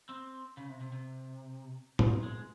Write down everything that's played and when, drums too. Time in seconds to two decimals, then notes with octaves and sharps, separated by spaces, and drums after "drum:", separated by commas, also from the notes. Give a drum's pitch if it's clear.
0.09 C4
0.57 C#3
0.69 C3
0.80 C3
0.92 C3
1.99 A#2, drum: tom
2.23 G#3